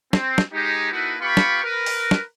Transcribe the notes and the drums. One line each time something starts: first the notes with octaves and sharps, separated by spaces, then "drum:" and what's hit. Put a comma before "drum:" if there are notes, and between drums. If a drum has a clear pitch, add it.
C4, drum: snare
drum: snare
G#3 D#4 G4
A#3 D#4 E4 F#4 A4 B4
B3 F4 G4 B5 C#6
drum: snare
A#4 B4
drum: open hi-hat
drum: snare